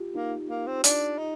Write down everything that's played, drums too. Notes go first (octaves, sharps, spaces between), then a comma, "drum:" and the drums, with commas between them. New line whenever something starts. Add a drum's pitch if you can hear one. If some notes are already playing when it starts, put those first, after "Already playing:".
Already playing: F4 G4
A#3 D#4
A#3
C4
D4, drum: hi-hat
D#4